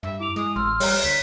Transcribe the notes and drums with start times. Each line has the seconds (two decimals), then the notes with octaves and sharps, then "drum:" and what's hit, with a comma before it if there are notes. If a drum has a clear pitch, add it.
0.03 G2 E5
0.20 E4 D6 F7
0.36 G#3 D#6
0.56 A1 C6 E6 F6
0.80 G3 C#5 A#5, drum: open hi-hat
1.04 D2 B6